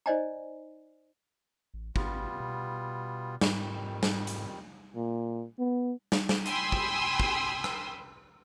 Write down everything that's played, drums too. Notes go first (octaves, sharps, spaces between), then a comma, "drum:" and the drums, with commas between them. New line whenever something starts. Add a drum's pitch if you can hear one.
D#4 C5 D5 D#5 G#5 A#5
A1
G#1 G3 B3 F4, drum: kick
B2
F2 G#2 D#3 G3, drum: snare
drum: snare
drum: hi-hat
A#2
B3
drum: snare
drum: snare
G5 G#5 B5 C6 D#6 E6, drum: hi-hat
drum: kick
drum: kick
drum: rim click